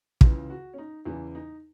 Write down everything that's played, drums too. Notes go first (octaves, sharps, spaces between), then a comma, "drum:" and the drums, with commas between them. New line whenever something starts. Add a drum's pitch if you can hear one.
C#2 C#3 E3, drum: kick
F#4
C#4
D#4
E2 C#3 E3 E4
D#4